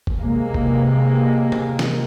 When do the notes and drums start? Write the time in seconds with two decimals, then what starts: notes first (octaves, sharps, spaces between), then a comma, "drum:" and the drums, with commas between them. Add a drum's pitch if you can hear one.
0.07 drum: kick G1
0.18 C3 G#3 A#3
0.54 drum: kick G1
1.52 drum: tom C3
1.79 drum: snare